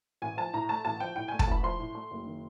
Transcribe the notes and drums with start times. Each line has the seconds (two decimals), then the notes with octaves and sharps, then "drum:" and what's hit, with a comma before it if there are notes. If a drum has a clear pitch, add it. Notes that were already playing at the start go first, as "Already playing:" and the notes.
0.22 A1 G#5
0.37 F3 A5
0.53 A2 A#5
0.69 A3 A5
0.85 A1 A5
1.00 F3 G5
1.16 A2 G5
1.28 A3 G#5
1.39 A5, drum: kick
1.47 A1 B5
1.63 F3 C6
1.79 A2
1.95 A3
2.11 F#1
2.27 D#3